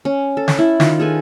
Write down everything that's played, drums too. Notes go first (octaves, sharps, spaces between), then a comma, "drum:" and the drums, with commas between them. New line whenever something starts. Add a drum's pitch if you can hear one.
C#4
A4
drum: snare
E4
D#3 F4, drum: snare
G#4 A4 B4 G#5